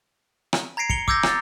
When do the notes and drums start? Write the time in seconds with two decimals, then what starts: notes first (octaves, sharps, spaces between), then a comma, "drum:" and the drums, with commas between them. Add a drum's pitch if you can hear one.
0.53 drum: rim click
0.77 A#5 G#6 A#6 C7 D7
0.89 C#7 D7 F7 G7, drum: kick
1.08 D6 E6 G6 G#6 A#6, drum: kick
1.23 A#5 A6, drum: rim click